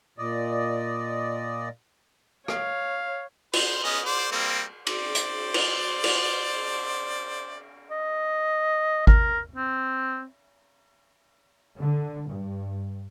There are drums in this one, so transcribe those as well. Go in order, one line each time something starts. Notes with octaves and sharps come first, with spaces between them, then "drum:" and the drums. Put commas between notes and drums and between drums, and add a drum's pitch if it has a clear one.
A#2 D5 D#5
C#5 F5, drum: rim click
C5, drum: cymbal
B3 C#4 D#5
C5 D5
G3 A#3 C4
C5 D5, drum: cymbal
drum: hi-hat
drum: cymbal
drum: cymbal
D#5
A#4, drum: kick G#1
C4
D3
G2